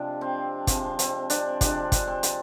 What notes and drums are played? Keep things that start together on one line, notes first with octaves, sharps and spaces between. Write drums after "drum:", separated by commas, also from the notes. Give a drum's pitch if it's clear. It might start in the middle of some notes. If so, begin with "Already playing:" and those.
Already playing: C3 F3 G#3 D4
C4
C3 F3 G#3 C4, drum: kick, hi-hat
C4, drum: hi-hat
D4, drum: hi-hat
C3 F3 G#3 D4, drum: kick, hi-hat
drum: kick, hi-hat
C4
drum: hi-hat